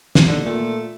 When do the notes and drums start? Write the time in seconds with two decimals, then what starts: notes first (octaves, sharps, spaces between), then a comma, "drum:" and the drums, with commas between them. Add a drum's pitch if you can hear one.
0.15 drum: snare
0.27 D#2 D3
0.45 A#2 A3